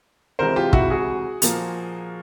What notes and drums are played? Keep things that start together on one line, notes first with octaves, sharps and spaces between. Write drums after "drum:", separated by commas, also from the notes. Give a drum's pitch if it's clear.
D2 C3 E3 G#3 A#4 C5
F4 G4
E4 F#4, drum: kick
F#4 G#4
A#2 F3 A#3, drum: hi-hat